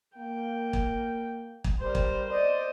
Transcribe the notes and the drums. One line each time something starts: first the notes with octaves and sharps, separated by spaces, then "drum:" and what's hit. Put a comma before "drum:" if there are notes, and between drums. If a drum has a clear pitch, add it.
A#3 G5
drum: kick
drum: kick
G3 A#4 C5
drum: kick
C5 D5 D#5